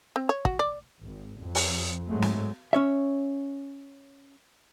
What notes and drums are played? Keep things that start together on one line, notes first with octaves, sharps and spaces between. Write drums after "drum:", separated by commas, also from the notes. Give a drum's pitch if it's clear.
C4
C#5
F#4, drum: kick
D5
G#1
F2
drum: open hi-hat
G#2 F#3 G#3 A3
drum: snare
C#4 C#5 E5